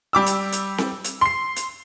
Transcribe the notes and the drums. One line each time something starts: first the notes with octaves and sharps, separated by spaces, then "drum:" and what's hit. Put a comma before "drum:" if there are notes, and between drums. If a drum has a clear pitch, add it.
G3 D6 E6
drum: hi-hat
drum: hi-hat
drum: snare C4
drum: hi-hat
C6 C7
drum: hi-hat